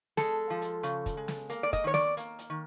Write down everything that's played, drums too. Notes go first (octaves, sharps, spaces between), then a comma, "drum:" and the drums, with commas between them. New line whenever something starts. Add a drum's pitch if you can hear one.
G#3 A4, drum: snare
F3
drum: hi-hat
C#3, drum: hi-hat
drum: kick, hi-hat
G#3
drum: snare
A#3, drum: hi-hat
D5
D#5, drum: kick, hi-hat
D#3 C#5
D5, drum: snare
A#3, drum: hi-hat
drum: hi-hat
D#3